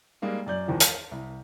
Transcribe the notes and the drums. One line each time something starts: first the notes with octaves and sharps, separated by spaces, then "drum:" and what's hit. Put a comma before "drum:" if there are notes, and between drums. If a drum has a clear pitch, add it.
G3 G#3 A#3 D#4
F#2 D5 G6 F#7
G#1 E2 G#2 D#3 F3
F6, drum: hi-hat
C2